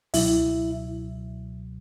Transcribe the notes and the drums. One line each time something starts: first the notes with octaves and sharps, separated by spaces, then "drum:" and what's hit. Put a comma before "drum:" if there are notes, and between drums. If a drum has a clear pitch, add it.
C#2 B2 F#3 E4 E5, drum: open hi-hat